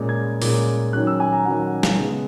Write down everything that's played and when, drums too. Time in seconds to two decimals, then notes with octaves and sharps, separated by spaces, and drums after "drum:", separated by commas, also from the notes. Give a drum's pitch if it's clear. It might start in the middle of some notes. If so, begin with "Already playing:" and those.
Already playing: A#2 G#3 C#4
0.09 G#6
0.42 A#2 G#3 C#4, drum: open hi-hat
0.93 D#3 F#3 C#4 F#6
1.07 E6
1.20 G#5
1.32 A#5
1.45 D#3 F#3 C#4 F#5
1.83 drum: snare
1.98 C#3 G#3 B3